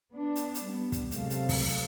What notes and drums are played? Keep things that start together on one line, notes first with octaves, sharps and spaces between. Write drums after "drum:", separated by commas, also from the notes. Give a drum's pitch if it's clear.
B3 D4
drum: hi-hat
drum: hi-hat
G3 B3
drum: kick, hi-hat
A2 C3 F#3 G#3 A4 F5, drum: hi-hat
drum: hi-hat
drum: kick, open hi-hat
drum: hi-hat